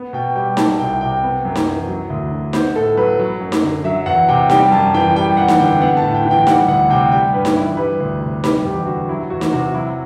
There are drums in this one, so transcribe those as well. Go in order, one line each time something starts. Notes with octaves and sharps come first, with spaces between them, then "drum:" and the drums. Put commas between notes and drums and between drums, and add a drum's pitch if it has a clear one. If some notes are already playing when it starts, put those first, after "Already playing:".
Already playing: B3
B2 G5
G3 G5
F#3 A5, drum: snare D#4
C2 G5
C3 G5
B3
F#2
drum: snare D#4
E3
F#3
D2
D3
B3 C5, drum: snare D#4
A2 A4
F#3 B4
F#3
F#2
drum: snare D#4
D3
F#3 E5
E2 F#5
C3 G5
G3 G5, drum: snare D#4
F#2 A5
E3 G5
G3 G5
E2 F#5
drum: snare D#4
D3 G5
B3 F#5
A5
A2
G5
E3
G5
G3 F#5, drum: snare D#4
D2 F#5
C3 G5
G3 G5
G2 B4
drum: snare D#4
E3 E4
G3 B4
D2
C3
G3 B4, drum: snare D#4
E2 G4
D3 F#4
F#3 E4
E2 F#4
drum: snare D#4
C3 F#4
F#3 E4